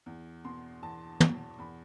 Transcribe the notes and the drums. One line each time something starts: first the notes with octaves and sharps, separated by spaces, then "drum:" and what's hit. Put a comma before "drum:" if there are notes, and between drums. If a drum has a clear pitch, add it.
E2
B2 C6
E2 A5
B2, drum: tom
E2 B5